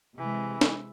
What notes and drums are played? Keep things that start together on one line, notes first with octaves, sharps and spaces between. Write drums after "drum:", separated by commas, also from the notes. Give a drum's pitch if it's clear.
C3 E3 G#3
drum: snare